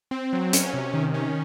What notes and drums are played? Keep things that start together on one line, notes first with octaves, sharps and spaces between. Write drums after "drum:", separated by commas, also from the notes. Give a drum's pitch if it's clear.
C4
F#3
C#4, drum: hi-hat
C3
D#3
C#4